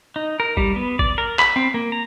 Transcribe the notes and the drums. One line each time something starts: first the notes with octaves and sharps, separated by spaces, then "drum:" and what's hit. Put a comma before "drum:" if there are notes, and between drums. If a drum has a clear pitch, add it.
D#4
A#4
G3, drum: kick A1
B3
D5, drum: kick A1
A#4
B5, drum: clap
C4
A#3
A#5